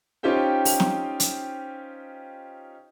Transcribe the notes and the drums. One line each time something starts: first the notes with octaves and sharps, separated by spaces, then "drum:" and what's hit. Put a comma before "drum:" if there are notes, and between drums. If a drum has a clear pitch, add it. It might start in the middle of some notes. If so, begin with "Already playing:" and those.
C#4 D#4 F4 G4 C5 G5
drum: open hi-hat
drum: snare
drum: hi-hat